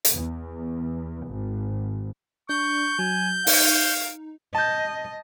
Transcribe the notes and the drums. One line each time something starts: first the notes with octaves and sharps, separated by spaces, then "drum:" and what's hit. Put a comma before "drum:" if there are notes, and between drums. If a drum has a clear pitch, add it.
drum: hi-hat
E2
G#1
D4 C#6 G6
F#3 G#5
D#4 F5, drum: open hi-hat
D#5 A5 G6